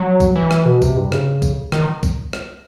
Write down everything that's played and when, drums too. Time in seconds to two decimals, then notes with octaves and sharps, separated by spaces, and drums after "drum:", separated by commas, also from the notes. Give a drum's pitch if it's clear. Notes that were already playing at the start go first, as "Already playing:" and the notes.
Already playing: F#3
0.20 drum: kick B1, tambourine
0.36 E3
0.51 drum: rim click
0.65 B2
0.82 C3, drum: kick B1, tambourine
0.97 G2
1.12 C#3, drum: rim click
1.42 drum: kick B1, tambourine
1.72 D#3, drum: rim click
2.03 drum: kick B1, tambourine
2.33 drum: rim click